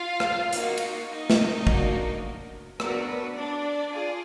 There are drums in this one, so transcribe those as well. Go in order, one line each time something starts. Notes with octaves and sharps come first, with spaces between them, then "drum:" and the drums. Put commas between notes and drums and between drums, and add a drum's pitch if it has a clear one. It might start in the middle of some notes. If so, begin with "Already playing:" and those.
Already playing: F4 F5
drum: rim click
A#3 D#4 F#4, drum: hi-hat
drum: cymbal
D#4 D#5
drum: snare
A#3 D4 F#4, drum: kick
B3 D4 F#4 A#4, drum: rim click
B4
D4 D5
F4 G#4